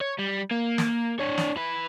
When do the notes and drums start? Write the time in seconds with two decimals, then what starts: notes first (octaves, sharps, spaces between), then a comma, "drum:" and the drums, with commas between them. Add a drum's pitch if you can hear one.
0.01 C#5
0.18 G3
0.51 A#3
0.78 drum: snare
1.20 D4 C#5
1.38 drum: snare
1.56 E3 B4